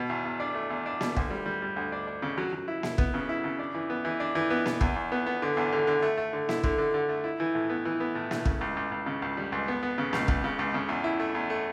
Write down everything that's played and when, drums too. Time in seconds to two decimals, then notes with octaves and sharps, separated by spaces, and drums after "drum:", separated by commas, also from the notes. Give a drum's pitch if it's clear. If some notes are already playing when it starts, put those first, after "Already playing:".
Already playing: B2
0.10 E2
0.25 E2
0.40 D4
0.54 A3
0.70 E2
0.86 D4
1.01 B2, drum: snare A#3
1.16 D2, drum: kick
1.30 G3
1.46 G3
1.62 G3
1.76 D2
1.92 D4
2.07 D4
2.22 C#3
2.38 F#3
2.53 F#3
2.68 E4
2.83 E4, drum: snare A#3
2.98 B3, drum: kick
3.14 C#3
3.29 E4
3.44 C#3
3.59 D4
3.74 E3
3.90 B3
4.05 E3
4.20 D4
4.35 E3
4.50 B3
4.66 B3, drum: snare A#3
4.81 E2, drum: kick
4.96 E2
5.12 B3
5.26 B3
5.42 D3
5.57 E2
5.72 D3
5.87 D3
6.02 A3
6.17 A3
6.33 D3
6.49 E4, drum: snare A#3
6.63 D3, drum: kick
6.78 D3
6.94 D3
7.09 A3
7.24 E4
7.40 E3
7.55 A2
7.70 B3
7.85 E3
8.00 B3
8.15 A2
8.31 A2, drum: snare A#3
8.45 C#3, drum: kick
8.61 C#2
8.77 C#2
8.92 C#2
9.06 C#3
9.22 C#2
9.37 G3
9.52 C#2
9.68 B3
9.83 B3
9.98 C#3
10.13 C#2, drum: snare A#3
10.28 C#2, drum: kick
10.44 C#3
10.59 C#2
10.74 C#3
10.89 E2
11.04 E4
11.19 A3
11.35 E2
11.50 A3